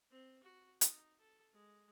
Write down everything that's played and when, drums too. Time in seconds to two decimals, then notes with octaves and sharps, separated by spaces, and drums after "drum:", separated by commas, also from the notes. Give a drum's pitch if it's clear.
0.11 C4
0.44 F#4
0.81 D#4, drum: hi-hat
1.20 A4
1.54 G#3